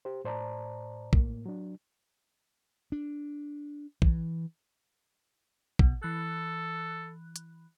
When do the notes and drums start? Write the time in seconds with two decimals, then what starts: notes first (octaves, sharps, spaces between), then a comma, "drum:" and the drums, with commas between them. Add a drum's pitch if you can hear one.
0.05 G4 C5
0.25 A2 C5 D5 A5 A#5
1.13 A2 A#3, drum: kick
1.46 F#3 D4
2.92 D4
4.02 E3, drum: kick
5.79 B2, drum: kick
6.03 E3 A4 F#6
7.36 drum: hi-hat